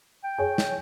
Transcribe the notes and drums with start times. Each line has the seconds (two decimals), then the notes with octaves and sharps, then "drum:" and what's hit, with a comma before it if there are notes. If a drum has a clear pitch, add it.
0.24 G5
0.38 G#4 C#5
0.58 drum: snare